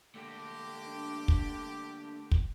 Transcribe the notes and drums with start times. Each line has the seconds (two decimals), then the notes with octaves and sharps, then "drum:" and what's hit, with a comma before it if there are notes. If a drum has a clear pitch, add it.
0.15 D3 A3 A#3 G4 A#6
0.87 D4
1.28 drum: kick
2.31 drum: kick